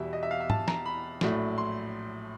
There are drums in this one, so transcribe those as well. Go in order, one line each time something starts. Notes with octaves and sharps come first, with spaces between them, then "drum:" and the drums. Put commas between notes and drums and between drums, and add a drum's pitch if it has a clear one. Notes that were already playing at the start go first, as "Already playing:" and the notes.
Already playing: E2 B2 G3 E5
D#5
E5
F5
E5
A5, drum: tom G#2
A#5, drum: snare
B5
A#1 A2 F#3 A3, drum: snare
C6